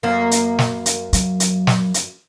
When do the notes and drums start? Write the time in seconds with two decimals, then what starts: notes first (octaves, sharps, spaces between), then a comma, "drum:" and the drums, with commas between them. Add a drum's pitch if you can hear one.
0.03 F#2 A#3
0.31 drum: hi-hat
0.59 drum: snare
0.86 drum: hi-hat
1.13 F#3, drum: hi-hat
1.40 drum: hi-hat
1.67 drum: snare
1.94 drum: hi-hat